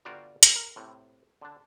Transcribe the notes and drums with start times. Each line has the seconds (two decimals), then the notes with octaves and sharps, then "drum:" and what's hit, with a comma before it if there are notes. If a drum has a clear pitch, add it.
0.05 G1 G3 F4 F#4 D5 A#5
0.43 drum: hi-hat
0.56 A#4
0.76 A2 C3
1.41 D3 D4